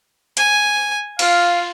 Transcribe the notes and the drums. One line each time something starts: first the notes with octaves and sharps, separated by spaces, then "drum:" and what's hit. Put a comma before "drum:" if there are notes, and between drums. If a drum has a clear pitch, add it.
G#5, drum: hi-hat
F4 F5, drum: cymbal